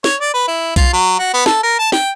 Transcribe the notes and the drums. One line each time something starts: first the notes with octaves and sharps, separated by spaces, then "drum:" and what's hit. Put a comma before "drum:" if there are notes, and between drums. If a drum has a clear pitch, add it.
C#5, drum: snare
D5
B4
E4
F4, drum: kick B1, hi-hat
F#3
F#4
B3
A4, drum: snare
A#4
A5
G5, drum: snare